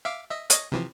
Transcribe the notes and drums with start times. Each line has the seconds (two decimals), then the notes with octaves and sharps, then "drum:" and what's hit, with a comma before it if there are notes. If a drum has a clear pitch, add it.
0.05 E5 F5 D6
0.30 D#5 E5
0.50 C#5 D#5, drum: hi-hat
0.72 C3 E3 F3